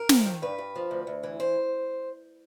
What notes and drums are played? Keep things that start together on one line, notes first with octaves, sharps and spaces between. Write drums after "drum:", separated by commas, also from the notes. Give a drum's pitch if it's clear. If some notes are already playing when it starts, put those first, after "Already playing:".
Already playing: A#4
F2, drum: snare
D#3
G2 B4
G2
F3
D2
D2
E3
C5